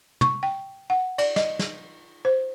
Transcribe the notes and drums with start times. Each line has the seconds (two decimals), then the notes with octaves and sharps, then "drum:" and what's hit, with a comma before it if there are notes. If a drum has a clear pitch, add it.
0.21 C#6, drum: tom
0.43 G5
0.90 F#5
1.18 D5, drum: cymbal
1.36 D#5, drum: snare
1.59 drum: snare
2.25 C5